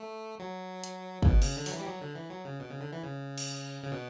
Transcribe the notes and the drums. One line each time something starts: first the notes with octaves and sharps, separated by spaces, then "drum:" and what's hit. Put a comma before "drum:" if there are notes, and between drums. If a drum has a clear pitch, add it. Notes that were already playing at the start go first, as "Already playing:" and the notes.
Already playing: A3
F#3
drum: hi-hat
C#3, drum: kick
B2
C#3, drum: cymbal
D3
F#3, drum: open hi-hat
E3
G3
F#3
D3
E3
F#3
C#3
B2
C#3
D3
E3
C#3
drum: cymbal
C#3
B2